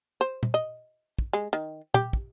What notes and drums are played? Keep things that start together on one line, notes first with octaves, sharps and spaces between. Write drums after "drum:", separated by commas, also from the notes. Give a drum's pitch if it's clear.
C5
drum: tom
D#5
drum: kick
G#3
D#3
G4, drum: tom
drum: kick